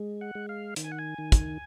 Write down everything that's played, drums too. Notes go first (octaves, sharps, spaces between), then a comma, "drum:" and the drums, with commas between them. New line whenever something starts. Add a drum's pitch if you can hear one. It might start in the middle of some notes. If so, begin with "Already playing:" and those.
Already playing: G#3
F#5
G#3
F5
D#3, drum: hi-hat
G#5
F#5
G#5
D#3
drum: kick, hi-hat